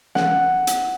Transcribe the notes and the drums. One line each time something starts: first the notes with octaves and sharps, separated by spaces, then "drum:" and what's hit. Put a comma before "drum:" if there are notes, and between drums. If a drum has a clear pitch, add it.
F#5, drum: snare
drum: hi-hat